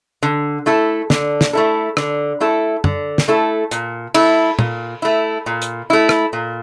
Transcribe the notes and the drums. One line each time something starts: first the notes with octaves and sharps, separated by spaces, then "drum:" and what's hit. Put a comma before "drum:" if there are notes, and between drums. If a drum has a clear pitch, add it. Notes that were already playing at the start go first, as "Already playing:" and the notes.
D3
A3 E4 A4
D3, drum: snare
drum: snare
A3 E4 A4
D3, drum: rim click
A3 E4 A4
D3, drum: tom F#2
drum: snare
A3 E4 A4
A#2, drum: hi-hat
A3 E4, drum: cymbal
A#2, drum: tom
A3 E4
A#2
drum: hi-hat
A3 E4
drum: rim click
A#2